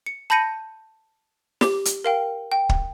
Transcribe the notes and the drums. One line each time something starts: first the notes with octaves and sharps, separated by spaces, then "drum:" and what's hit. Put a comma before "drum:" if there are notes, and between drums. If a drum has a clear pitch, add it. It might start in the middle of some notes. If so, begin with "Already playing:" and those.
C#7
A5 B5 G6 A#6 C#7 D#7
G4 D6, drum: snare
drum: hi-hat
A#4 F5 G5
G5
drum: kick